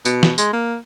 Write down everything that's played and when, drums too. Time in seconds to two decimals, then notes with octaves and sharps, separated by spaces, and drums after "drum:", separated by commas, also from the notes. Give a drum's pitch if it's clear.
0.05 B2, drum: tambourine
0.23 drum: snare
0.38 G#3, drum: tambourine
0.53 A#3